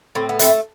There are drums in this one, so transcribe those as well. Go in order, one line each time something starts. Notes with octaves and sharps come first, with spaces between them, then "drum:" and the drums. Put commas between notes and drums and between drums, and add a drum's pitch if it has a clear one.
A2 C4
B3
A3 C4, drum: hi-hat